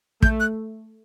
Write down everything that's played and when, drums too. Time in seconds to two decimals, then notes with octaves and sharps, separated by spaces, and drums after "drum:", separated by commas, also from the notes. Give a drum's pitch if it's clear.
0.22 A3 G6, drum: kick
0.40 F#6